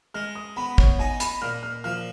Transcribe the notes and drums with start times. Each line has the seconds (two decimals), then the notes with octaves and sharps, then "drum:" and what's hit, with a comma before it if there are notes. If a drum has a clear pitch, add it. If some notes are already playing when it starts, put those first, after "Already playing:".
0.14 G#3 F6
0.35 D#6
0.57 B3 B5
0.78 C#5, drum: kick
0.99 D#4 G#5
1.20 B5, drum: hi-hat
1.42 A#2 F6
1.63 F6
1.84 F3 F6